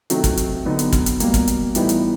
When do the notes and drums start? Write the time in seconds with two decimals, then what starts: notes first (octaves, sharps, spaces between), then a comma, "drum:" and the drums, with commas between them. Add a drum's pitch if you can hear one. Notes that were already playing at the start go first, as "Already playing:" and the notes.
0.10 C3 D#3 F#3 A3, drum: hi-hat
0.24 drum: kick, hi-hat
0.37 drum: hi-hat
0.65 D3 F#3 B3 D#4
0.79 drum: hi-hat
0.92 drum: kick, hi-hat
1.06 drum: hi-hat
1.20 B2 G3 A#3, drum: hi-hat
1.34 drum: kick, hi-hat
1.48 drum: hi-hat
1.75 A2 E3 G3 B3 D#4, drum: hi-hat
1.89 drum: hi-hat